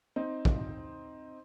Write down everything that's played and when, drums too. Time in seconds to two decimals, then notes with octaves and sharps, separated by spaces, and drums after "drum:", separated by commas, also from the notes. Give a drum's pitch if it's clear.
0.16 C4 D#4
0.45 drum: kick